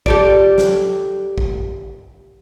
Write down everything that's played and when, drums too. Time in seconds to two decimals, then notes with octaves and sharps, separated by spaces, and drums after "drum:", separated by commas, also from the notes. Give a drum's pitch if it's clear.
0.06 G4 A4 D5, drum: kick A1
0.58 drum: snare
1.38 drum: kick A1